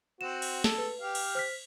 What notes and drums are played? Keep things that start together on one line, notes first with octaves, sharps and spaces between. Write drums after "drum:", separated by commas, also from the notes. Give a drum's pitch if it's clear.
C4 F#4 E7
drum: cymbal
A4, drum: snare
B4
G4 F5
drum: cymbal
C5 F6 B6